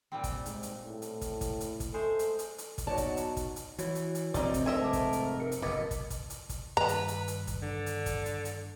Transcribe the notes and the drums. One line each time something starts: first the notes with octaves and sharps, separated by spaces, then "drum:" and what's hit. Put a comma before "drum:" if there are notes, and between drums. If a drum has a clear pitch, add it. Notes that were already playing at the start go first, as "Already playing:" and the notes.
A#2 G3 C4
drum: kick, hi-hat
G#2, drum: hi-hat
drum: hi-hat
A2
drum: hi-hat
drum: kick, hi-hat
drum: kick, hi-hat
drum: hi-hat
drum: kick, hi-hat
G#3 A3 A4 C5
drum: hi-hat
drum: hi-hat
drum: hi-hat
drum: kick, hi-hat
F#3 B3 D#4 F#4 C#5 D5 A5
drum: kick, hi-hat
drum: hi-hat
drum: kick, hi-hat
drum: hi-hat
E3 F#4 C#5, drum: hi-hat
drum: hi-hat
drum: hi-hat
F1 C3 C4 D#4 D5, drum: kick, hi-hat
drum: kick, hi-hat
G#2 A3 A#4 D#5 E5 G#5
A5 D6
drum: kick, hi-hat
drum: hi-hat
A#4 C#7
drum: hi-hat
F#1 A2 B3 D#5 D6
drum: kick, hi-hat
drum: kick, hi-hat
drum: hi-hat
drum: kick, hi-hat
G2 D#3 G3 B4 A#5
drum: hi-hat
drum: hi-hat
drum: hi-hat
drum: kick, hi-hat
D3
drum: hi-hat
drum: kick, hi-hat
drum: hi-hat
drum: hi-hat